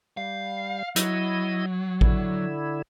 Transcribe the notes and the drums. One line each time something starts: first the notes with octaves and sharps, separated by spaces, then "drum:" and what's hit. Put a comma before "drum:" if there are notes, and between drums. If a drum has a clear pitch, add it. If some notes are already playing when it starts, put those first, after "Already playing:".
G3 F5
F#3 E4 D#5, drum: hi-hat
D3 E4, drum: kick A1